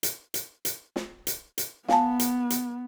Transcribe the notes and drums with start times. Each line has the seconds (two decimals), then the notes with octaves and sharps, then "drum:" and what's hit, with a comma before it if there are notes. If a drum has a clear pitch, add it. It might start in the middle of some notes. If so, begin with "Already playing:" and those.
0.03 drum: hi-hat
0.34 drum: hi-hat
0.65 drum: hi-hat
0.96 drum: snare
1.27 drum: hi-hat
1.58 drum: hi-hat
1.89 B3 F5 G#5 A5, drum: snare
2.19 drum: hi-hat
2.50 drum: hi-hat